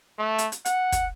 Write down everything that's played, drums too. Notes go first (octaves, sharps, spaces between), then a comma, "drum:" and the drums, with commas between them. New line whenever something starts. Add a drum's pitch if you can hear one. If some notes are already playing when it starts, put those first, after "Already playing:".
A3
drum: hi-hat
drum: hi-hat
F#5, drum: hi-hat
drum: kick, hi-hat